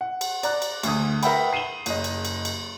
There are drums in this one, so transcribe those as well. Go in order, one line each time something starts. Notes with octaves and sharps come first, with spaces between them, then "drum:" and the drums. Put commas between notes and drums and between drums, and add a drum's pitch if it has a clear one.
F#5
drum: cymbal
D5 A#5 F#6, drum: cymbal
drum: cymbal
D2 D3 D#6, drum: cymbal
A#4 B4 E5 F#5 G5 B5, drum: cymbal
C7 D#7 E7 F#7 G7
F#1 D#5, drum: cymbal
drum: cymbal
drum: cymbal
drum: cymbal